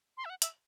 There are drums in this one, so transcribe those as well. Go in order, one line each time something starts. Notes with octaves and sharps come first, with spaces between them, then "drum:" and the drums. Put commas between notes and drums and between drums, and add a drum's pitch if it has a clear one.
C6
E5
F#5
E5, drum: hi-hat